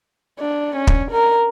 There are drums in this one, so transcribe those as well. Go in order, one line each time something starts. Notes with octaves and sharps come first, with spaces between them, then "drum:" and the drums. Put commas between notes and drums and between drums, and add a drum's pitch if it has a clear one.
D4
C#4
drum: kick
A#4